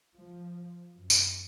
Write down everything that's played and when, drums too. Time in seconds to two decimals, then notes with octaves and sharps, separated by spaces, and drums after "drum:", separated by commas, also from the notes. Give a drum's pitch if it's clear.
0.15 F3
0.94 F#2
1.10 drum: tambourine